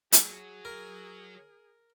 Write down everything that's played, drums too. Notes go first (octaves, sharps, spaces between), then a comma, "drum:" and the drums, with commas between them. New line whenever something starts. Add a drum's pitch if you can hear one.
F#3 G#4, drum: hi-hat
A#4